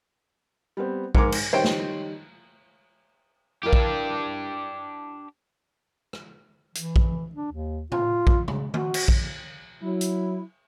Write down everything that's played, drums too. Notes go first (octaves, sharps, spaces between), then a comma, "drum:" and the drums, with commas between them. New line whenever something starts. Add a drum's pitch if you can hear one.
G3 B3 C4
G#2 A#4 G#5 D6 C#7, drum: kick A#1
drum: cymbal
D#3 G3 C5 C#5 G5
drum: snare
D4 E4 G4 A#4 F5
drum: kick A#1
drum: rim click
E3, drum: hi-hat
drum: kick A#1
D4
D#2
F4, drum: tom A2
drum: kick A#1
C#3, drum: tom A#2
F#4, drum: tom D#3
drum: cymbal
drum: kick A#1
F#3 E4
drum: hi-hat